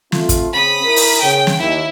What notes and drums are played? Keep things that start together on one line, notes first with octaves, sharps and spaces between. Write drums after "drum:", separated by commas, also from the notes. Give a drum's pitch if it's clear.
A3 C4 F4, drum: snare
drum: kick, hi-hat
C#3 C4 B5 D#6
E4 A#4
drum: open hi-hat
C#3 G5
drum: snare
D#2 E4